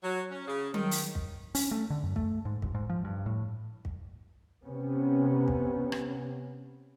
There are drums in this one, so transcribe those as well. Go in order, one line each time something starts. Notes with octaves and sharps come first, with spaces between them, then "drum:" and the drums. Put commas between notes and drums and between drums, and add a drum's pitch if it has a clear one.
F#3
C#4
C#3
D#3, drum: tom F#3
drum: open hi-hat
drum: kick
C#4, drum: open hi-hat
A3
D3
F#2
A3, drum: kick
G#2
G1, drum: kick
G#2
F3
G2
A2
drum: kick
C3 B3 C#4
drum: kick
drum: rim click